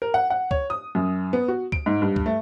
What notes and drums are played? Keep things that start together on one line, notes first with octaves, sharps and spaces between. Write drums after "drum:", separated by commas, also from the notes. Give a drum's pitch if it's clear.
A#4
F#5
F#5
C#5, drum: kick C#2
D#6
F#2
B3
F#4
D7, drum: kick C#2
G#2
G2
drum: kick C#2
A3